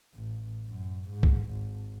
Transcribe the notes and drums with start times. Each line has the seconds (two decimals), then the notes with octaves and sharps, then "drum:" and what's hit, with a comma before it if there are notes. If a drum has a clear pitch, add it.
0.15 A1
0.67 F#2
1.10 G#2
1.23 drum: kick
1.52 G#1